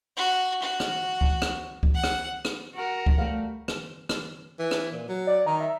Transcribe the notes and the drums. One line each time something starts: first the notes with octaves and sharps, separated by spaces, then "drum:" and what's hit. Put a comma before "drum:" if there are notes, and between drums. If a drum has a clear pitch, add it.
F#4
F#4
drum: rim click
drum: kick C#2
drum: rim click
drum: kick C#2
F#5
drum: rim click
drum: rim click
F#4 A#4 F#5
drum: kick C#2
G3 A3 F5
drum: rim click
drum: rim click
E3
drum: rim click
A#2
F#3
D5
D#3 A#5
E5